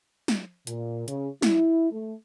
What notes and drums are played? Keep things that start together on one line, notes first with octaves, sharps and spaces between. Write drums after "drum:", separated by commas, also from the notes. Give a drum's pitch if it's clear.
drum: snare
A#2, drum: hi-hat
C#3, drum: hi-hat
E4, drum: snare
A3